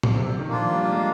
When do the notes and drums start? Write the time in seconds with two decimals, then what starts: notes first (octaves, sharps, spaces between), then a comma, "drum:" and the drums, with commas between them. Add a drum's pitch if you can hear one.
0.03 drum: tom
0.16 C3
0.27 D3
0.39 D#3
0.50 F3 A#3 D4 F4
0.62 F3
0.71 G3
0.93 G#3